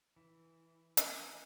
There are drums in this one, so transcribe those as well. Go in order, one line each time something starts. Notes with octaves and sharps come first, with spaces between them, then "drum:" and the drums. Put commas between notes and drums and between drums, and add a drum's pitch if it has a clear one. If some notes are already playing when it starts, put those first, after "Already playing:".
E3
drum: hi-hat